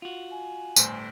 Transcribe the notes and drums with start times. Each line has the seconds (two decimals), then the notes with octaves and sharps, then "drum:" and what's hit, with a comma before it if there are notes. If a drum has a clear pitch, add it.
0.02 F4 F#4
0.31 G#5
0.76 G1 A2 C5, drum: tambourine